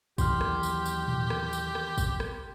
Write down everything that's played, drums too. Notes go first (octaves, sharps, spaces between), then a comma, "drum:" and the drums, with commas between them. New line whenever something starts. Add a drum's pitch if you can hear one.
D#2 E3 F#3 G4 C6 F6, drum: kick, tambourine
drum: rim click
drum: tambourine
drum: tambourine
drum: tom A2
drum: rim click
drum: tambourine
drum: rim click
drum: kick, tambourine
drum: rim click